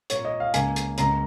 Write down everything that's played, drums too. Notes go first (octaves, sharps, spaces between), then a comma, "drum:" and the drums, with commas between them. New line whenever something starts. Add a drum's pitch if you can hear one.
A#2 A#3 C#5, drum: hi-hat
D#5
F5
C#2 C#3 A#3 G#5, drum: hi-hat
drum: hi-hat
C#2 C#3 A#3 A#5, drum: hi-hat